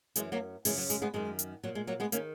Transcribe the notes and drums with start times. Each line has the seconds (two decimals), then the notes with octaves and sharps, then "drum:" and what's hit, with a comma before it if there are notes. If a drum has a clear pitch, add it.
0.16 F#2 E3 G#3, drum: hi-hat
0.32 F#3 A#3
0.65 F#2 C#3 E3 G#3, drum: open hi-hat
0.78 F#3
0.90 G#3, drum: hi-hat
1.02 G#3 B3
1.14 F#2 D#3 G#3
1.39 drum: hi-hat
1.63 A#2 F#3
1.75 G#3
1.87 F#3 A#3
2.00 G#3 B3
2.12 D#3 A#3 C#4, drum: hi-hat